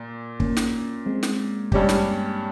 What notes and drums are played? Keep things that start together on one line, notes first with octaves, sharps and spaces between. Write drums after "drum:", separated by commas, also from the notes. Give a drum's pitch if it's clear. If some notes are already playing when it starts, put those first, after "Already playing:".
Already playing: A#2
A#3 C#4, drum: kick
drum: snare
G#3 C4
drum: snare
G2 G3 C#4 G4, drum: kick
drum: snare